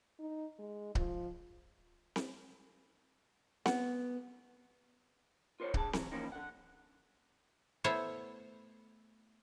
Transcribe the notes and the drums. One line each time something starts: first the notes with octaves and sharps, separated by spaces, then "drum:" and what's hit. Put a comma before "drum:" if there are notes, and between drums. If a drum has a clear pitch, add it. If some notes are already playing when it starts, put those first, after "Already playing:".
D#4
G#3
F3, drum: kick C#1
drum: snare C4
B3 F#5, drum: snare C4
F4 A#4 C5 C#5
D4 G#4 A5, drum: kick C#1
E3 F#3, drum: snare C4
E3 F3 A#3 C4 C#4 D#4
D3 F#5
A3 B3 E4 C5 C#5